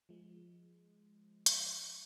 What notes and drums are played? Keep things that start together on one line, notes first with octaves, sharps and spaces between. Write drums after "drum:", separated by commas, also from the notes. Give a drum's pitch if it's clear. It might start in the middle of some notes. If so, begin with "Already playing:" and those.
F3 G#3
drum: hi-hat